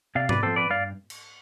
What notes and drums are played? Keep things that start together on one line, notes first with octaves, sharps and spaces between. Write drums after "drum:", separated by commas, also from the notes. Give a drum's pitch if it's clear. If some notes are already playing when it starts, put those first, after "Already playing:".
C3 D5 F5
B4 D5, drum: tom G#2
F3 C4 A4 C5
B4 D5
G2 D5 F5
drum: cymbal